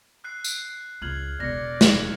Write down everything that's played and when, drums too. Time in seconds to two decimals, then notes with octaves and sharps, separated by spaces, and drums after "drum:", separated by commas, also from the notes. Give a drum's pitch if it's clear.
0.24 E6 F#6 C7
0.44 drum: tambourine
1.02 C#2 F6 G#6 F#7
1.40 E1 D5 A#6 C#7
1.81 drum: snare